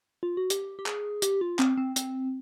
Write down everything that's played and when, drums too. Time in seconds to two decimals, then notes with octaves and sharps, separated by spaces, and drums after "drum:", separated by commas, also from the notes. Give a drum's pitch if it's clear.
0.23 F4
0.37 F#4
0.50 G4, drum: hi-hat
0.79 G4
0.86 G#4, drum: clap
1.22 G4, drum: hi-hat
1.41 F4
1.59 C4, drum: clap
1.78 C4
1.96 C4, drum: hi-hat